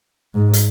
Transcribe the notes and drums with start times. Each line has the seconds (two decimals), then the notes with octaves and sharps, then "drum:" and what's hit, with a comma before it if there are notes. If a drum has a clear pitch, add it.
0.35 G#2
0.53 drum: hi-hat